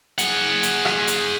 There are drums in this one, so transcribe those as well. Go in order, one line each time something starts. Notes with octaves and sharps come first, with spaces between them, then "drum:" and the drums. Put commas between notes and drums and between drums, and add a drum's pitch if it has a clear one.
G#4 F#5, drum: hi-hat
drum: hi-hat
drum: rim click
drum: hi-hat